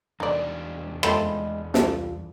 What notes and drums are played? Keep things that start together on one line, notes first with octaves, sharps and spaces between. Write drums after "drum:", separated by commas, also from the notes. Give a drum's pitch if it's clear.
E2 D4 D#4 D5
G#3 A3 C4 F4 D#5 B5, drum: rim click
C2 G3 F4 A4, drum: snare